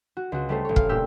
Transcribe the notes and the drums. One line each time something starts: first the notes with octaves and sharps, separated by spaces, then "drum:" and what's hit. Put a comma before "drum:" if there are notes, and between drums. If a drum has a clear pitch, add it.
F#4
C#2 F#4
G3 A3 C#4 A4 C5
A1 C#5
F5, drum: kick
A#2 D4 G4 E6